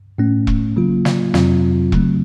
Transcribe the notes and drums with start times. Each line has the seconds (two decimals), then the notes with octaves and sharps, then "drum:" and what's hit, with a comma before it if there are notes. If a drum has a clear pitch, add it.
0.18 A2 A3 C#4
0.47 drum: kick E1
0.76 C#3 F#3 A#3 F4
1.05 drum: snare
1.34 F2 C3 F#3 C4 F4, drum: snare
1.92 C#3 F#3 A3 C4, drum: kick E1